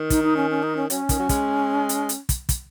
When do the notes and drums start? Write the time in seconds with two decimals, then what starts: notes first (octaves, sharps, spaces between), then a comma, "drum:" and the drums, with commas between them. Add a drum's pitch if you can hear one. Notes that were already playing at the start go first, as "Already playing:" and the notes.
Already playing: D#3
0.10 D#4, drum: kick, hi-hat
0.23 D#4
0.36 C#4
0.50 C#4
0.63 D#4
0.77 C#4
0.90 F#3 C#4, drum: hi-hat
1.09 D#3, drum: kick, hi-hat
1.19 F#3
1.29 G#3, drum: kick, hi-hat
1.89 drum: hi-hat
2.09 drum: hi-hat
2.29 drum: kick, hi-hat
2.49 drum: kick, hi-hat